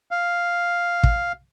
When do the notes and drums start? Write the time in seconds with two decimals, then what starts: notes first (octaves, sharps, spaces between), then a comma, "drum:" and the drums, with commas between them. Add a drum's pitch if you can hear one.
0.11 F5
1.03 drum: kick